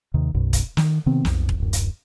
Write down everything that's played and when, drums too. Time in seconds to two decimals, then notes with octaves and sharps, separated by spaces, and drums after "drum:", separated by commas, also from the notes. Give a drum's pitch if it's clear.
0.14 D#2 C3 D#3
0.34 B1 F#2 B2
0.53 drum: kick E1, hi-hat
0.77 D#3, drum: snare
1.06 C3 D#3 B3 C4
1.25 B1 F2, drum: snare
1.49 drum: kick E1
1.58 D1 F#2
1.73 drum: hi-hat